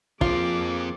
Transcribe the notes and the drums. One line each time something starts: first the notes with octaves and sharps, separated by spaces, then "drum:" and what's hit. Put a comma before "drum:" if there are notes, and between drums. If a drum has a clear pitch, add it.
F3 A#3 C4 F4 G#4 D6, drum: kick